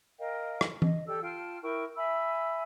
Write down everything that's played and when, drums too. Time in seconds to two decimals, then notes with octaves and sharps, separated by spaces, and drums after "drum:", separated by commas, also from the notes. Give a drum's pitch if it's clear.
0.18 A#4 D#5 F5 G5
0.61 drum: rim click
0.82 D#5, drum: tom E3
1.05 G4 A4 D5 E6
1.22 F4 G5 A5 F6
1.61 E4 A#4 G5 C#6
1.96 E5 G#5 B5 E6